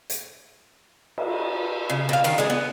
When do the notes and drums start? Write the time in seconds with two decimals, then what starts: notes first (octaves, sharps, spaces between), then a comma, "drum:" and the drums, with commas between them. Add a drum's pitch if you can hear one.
0.10 drum: hi-hat
1.18 drum: cymbal
1.90 C#3
2.09 B2 F5
2.24 D#3 F4, drum: cymbal
2.38 G#3 D4 G#4
2.50 B3